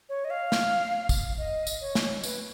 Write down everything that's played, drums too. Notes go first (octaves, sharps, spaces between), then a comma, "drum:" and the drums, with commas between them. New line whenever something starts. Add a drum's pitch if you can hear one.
C#5
D#5
F5
drum: snare
drum: kick, tambourine
D#5
drum: tambourine
C#5
drum: snare
B4, drum: tambourine